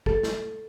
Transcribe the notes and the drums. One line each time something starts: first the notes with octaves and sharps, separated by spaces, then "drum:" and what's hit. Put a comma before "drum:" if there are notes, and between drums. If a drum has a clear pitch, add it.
A4, drum: kick
drum: snare